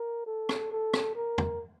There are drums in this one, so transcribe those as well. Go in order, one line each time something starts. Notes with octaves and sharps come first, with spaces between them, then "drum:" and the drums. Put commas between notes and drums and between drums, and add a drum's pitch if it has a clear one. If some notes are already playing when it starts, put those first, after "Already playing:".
Already playing: A#4
A4
drum: rim click
A4
drum: rim click
A#4
drum: tom